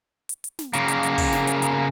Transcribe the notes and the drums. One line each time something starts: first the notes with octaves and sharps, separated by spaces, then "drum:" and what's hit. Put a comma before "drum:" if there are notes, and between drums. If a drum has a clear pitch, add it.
drum: hi-hat
drum: hi-hat
drum: snare
C#3 A#3, drum: hi-hat
drum: hi-hat
drum: hi-hat
drum: kick, open hi-hat
drum: snare
drum: hi-hat
drum: hi-hat